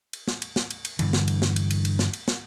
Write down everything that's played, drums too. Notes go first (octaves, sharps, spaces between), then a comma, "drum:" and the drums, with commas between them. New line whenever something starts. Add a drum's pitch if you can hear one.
drum: cymbal
drum: snare
drum: cymbal
drum: snare
drum: cymbal
drum: cymbal
G2 D3 E3, drum: cymbal
drum: snare
drum: cymbal
drum: snare
drum: cymbal
drum: cymbal
drum: cymbal
drum: snare
drum: cymbal
drum: snare